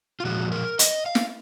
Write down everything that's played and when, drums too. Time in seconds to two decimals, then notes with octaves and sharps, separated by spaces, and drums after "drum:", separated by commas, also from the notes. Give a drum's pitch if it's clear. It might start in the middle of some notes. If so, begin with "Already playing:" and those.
0.20 F4
0.25 A#2 F3 G#3 F#4
0.52 A#4
0.79 D#5, drum: hi-hat
1.06 F5
1.15 drum: snare